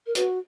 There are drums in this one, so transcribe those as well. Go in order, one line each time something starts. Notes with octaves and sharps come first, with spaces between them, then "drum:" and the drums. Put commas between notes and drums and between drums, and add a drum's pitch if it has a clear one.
A#4
F#4 B4, drum: hi-hat